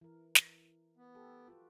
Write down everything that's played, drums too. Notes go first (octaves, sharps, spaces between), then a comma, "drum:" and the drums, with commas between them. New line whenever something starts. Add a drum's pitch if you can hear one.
E3 A#4
drum: snare
B3
G4 A4
F4 F#4 B4